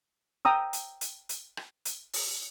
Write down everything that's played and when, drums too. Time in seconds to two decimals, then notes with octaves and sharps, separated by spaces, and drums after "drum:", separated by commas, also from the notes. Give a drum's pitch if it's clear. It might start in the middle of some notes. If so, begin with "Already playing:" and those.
0.45 G5 A#5 D#6 E6
0.73 drum: hi-hat
1.01 drum: hi-hat
1.29 drum: hi-hat
1.57 drum: rim click
1.85 drum: hi-hat
2.13 drum: open hi-hat